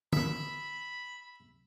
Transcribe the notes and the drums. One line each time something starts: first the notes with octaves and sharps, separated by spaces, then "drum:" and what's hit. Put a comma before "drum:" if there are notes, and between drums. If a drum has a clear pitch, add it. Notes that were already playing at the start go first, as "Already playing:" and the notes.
E5 B5, drum: tom D3